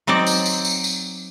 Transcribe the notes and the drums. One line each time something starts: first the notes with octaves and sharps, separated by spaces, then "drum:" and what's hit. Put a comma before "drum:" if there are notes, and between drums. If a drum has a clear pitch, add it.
F#3 C4 D#4 C5 D5
drum: tambourine
drum: tambourine
drum: tambourine
drum: tambourine